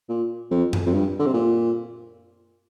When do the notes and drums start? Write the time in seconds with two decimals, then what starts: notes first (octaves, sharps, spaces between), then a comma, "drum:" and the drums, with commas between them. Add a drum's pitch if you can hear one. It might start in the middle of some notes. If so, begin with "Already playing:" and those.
0.09 A#2
0.51 F2
0.73 drum: tom F#2
0.86 F2
0.93 G2
1.19 D3
1.26 C3
1.33 A#2